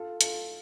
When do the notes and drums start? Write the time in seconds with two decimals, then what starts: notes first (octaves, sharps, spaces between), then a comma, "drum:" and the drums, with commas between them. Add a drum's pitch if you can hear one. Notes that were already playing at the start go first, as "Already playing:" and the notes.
Already playing: F4 A4
0.21 F4 A4, drum: hi-hat